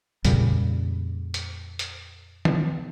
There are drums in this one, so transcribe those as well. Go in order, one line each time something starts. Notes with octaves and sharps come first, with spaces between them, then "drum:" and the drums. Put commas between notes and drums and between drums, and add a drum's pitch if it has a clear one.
F2 A#2 C#3 G3, drum: hi-hat
drum: hi-hat
drum: hi-hat
drum: tom